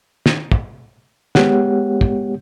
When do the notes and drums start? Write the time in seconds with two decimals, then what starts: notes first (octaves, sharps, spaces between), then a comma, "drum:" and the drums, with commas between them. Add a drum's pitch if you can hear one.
0.26 drum: snare
0.52 drum: kick
1.35 G#3 B3 G4 C#5 F#5, drum: snare
2.01 drum: kick